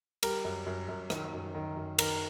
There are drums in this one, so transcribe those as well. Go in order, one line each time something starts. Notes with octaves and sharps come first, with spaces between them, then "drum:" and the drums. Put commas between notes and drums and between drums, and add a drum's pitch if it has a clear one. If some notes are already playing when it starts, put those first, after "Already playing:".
G3 A#4, drum: cymbal
F#2
F#2
F#2
D#3, drum: rim click
F#2
D#3
F#2
D#3 A#4, drum: cymbal